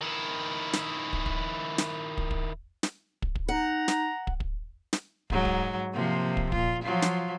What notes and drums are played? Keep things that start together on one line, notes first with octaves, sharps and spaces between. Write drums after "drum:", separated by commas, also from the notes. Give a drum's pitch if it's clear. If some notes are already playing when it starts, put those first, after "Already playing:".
D#3 E4
drum: snare
drum: kick
drum: kick
drum: snare
drum: kick
drum: kick
drum: snare
drum: kick
drum: kick
D#4 F#5 A#5
drum: snare
drum: kick
drum: kick
drum: snare
G#2 F#3, drum: kick
drum: kick
C3 F3 A#3
drum: kick
A#2 F4, drum: kick
F3 F#3 F4
drum: snare